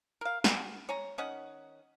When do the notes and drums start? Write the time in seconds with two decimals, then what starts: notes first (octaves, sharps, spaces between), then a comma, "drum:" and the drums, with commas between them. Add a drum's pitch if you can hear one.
0.21 A#4 F5
0.44 A#4 B4, drum: snare
0.57 F#4
0.89 C#5 G#5 A#5
1.18 D#3 C#4 D#5 F#5